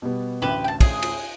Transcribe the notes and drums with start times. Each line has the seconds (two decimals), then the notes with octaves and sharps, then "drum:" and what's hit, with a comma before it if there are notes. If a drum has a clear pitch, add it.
0.02 B2 G3 B3
0.42 A1 D2 G4 B4 E7
0.64 G5 A5
0.81 G#4, drum: kick, cymbal
1.02 drum: cymbal